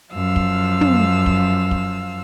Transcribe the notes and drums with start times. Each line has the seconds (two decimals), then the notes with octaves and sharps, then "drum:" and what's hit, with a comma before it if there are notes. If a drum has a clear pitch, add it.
0.13 F#2 F3 F5 E6
0.36 drum: kick
0.81 drum: tom
1.26 drum: kick
1.71 drum: kick